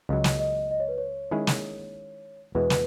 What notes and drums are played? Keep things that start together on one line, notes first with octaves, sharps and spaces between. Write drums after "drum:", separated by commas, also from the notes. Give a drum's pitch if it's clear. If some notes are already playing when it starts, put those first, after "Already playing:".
C#2 C#3 F#3 D#5
drum: snare
D#5
D#5
C#5
B4
C#5
D#3 G#3 C#4 E4 G#4
drum: snare
E2 B2 G#3 B4
drum: snare